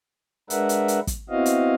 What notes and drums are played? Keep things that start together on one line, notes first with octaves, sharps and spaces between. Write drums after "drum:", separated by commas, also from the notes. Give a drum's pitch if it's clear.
G#3 D4 A#4 B4 E5 F#5, drum: hi-hat
drum: hi-hat
drum: hi-hat
drum: kick, hi-hat
B3 C4 E4 F#4 D#5 F5
drum: hi-hat